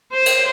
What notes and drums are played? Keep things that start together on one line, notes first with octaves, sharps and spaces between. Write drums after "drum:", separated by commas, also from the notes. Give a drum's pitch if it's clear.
C5
drum: cymbal